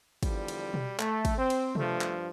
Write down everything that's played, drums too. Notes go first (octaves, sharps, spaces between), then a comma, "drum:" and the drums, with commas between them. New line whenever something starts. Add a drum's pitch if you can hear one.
E2 D3 F3 G3, drum: kick, cymbal
drum: cymbal
drum: tom B2
A3, drum: clap
drum: kick, cymbal
C4
drum: cymbal
G2 F3 A3, drum: tom C3
drum: clap